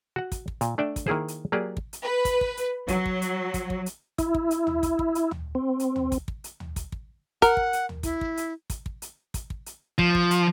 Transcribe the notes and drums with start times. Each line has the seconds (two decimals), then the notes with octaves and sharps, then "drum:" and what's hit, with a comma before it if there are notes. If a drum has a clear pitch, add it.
0.16 F#4 F#5
0.32 drum: kick, hi-hat
0.48 drum: kick
0.61 A#2, drum: hi-hat
0.78 A3 D4 D5 E5 G5
0.96 drum: kick, hi-hat
1.07 D#3 A#3 E4 G#4 C5
1.28 drum: hi-hat
1.52 F#3 A#3 G4 G#4 D5
1.77 drum: kick
1.93 drum: hi-hat
2.03 B4
2.25 drum: kick, hi-hat
2.41 drum: kick
2.57 drum: hi-hat
2.88 F#3, drum: kick, hi-hat
3.06 drum: kick
3.22 drum: hi-hat
3.54 drum: kick, hi-hat
3.70 drum: kick
3.86 drum: hi-hat
4.18 E4, drum: kick, hi-hat
4.35 drum: kick
4.51 drum: hi-hat
4.67 drum: tom
4.83 drum: kick, hi-hat
4.99 drum: kick
5.15 drum: hi-hat
5.31 drum: tom
5.55 C4
5.80 drum: hi-hat
5.96 drum: tom
6.12 drum: kick, hi-hat
6.28 drum: kick
6.44 drum: hi-hat
6.60 drum: tom
6.76 drum: kick, hi-hat
6.92 drum: kick
7.42 A#4 F#5, drum: kick, hi-hat
7.57 drum: kick
7.73 drum: hi-hat
7.89 drum: tom
8.03 E4, drum: kick, hi-hat
8.21 drum: kick
8.37 drum: hi-hat
8.70 drum: kick, hi-hat
8.86 drum: kick
9.02 drum: hi-hat
9.34 drum: kick, hi-hat
9.50 drum: kick
9.66 drum: hi-hat
9.98 F3, drum: kick
10.15 drum: kick
10.31 drum: hi-hat